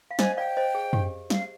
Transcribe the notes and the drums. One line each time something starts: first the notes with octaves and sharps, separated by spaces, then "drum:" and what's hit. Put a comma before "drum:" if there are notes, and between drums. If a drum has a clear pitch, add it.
F5
C5 D#5 G#5, drum: snare
D5 F5 G5
C5 D#5
G#4
G4, drum: tom
F5, drum: snare